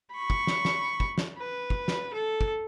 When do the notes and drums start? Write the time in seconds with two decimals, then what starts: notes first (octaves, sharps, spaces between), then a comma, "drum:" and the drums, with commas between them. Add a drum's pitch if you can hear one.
0.12 B5 C#6
0.30 drum: kick
0.47 drum: snare
0.65 drum: snare
1.00 drum: kick
1.18 drum: snare
1.38 B4
1.70 drum: kick
1.88 drum: snare
2.14 A4
2.41 drum: kick